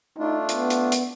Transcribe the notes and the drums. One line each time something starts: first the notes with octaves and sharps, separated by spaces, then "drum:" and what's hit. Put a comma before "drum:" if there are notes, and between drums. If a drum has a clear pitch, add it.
A3 D4 D#4 F4
B3, drum: hi-hat
drum: hi-hat
drum: hi-hat